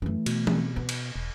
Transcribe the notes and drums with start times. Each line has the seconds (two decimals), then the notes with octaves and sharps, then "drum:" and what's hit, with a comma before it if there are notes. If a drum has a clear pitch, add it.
0.02 F#2 E3 A3
0.26 B2, drum: cymbal
0.47 drum: tom E3
0.76 B3
0.89 drum: cymbal
1.16 E1